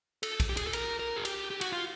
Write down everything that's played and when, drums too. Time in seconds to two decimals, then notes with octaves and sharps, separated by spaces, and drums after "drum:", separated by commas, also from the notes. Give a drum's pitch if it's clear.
0.23 A4, drum: cymbal
0.40 drum: kick B1, cymbal
0.49 G4
0.57 G#4, drum: cymbal
0.67 A4
0.73 A#4, drum: cymbal
0.99 A#4
1.16 G#4
1.25 G4, drum: cymbal
1.51 G4
1.61 F#4, drum: cymbal
1.72 F4